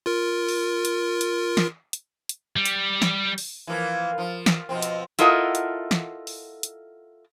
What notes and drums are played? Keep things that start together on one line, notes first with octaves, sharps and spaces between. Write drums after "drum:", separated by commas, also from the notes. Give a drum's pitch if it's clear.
F4 A#4
drum: open hi-hat
drum: hi-hat
drum: hi-hat
drum: snare
drum: hi-hat
drum: hi-hat
G3
drum: hi-hat
drum: snare
drum: open hi-hat
E3 F3 A#3
F3
drum: snare
B2 F3 C4
drum: hi-hat
E4 F4 A4 A#4 D#5 F#5, drum: hi-hat
drum: hi-hat
drum: snare
drum: open hi-hat
drum: hi-hat